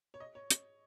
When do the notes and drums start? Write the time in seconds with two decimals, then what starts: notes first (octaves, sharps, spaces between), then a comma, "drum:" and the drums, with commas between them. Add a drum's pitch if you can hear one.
0.14 C#5
0.20 D#5
0.35 C#5
0.50 drum: hi-hat